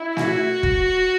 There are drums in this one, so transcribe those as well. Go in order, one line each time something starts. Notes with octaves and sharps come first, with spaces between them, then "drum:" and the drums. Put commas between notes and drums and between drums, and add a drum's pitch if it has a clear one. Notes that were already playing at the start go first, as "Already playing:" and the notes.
Already playing: E4
F#4, drum: snare
drum: kick